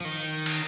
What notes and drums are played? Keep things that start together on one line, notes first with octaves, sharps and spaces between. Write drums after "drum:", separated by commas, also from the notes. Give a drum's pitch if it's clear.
F3
D#3
drum: cymbal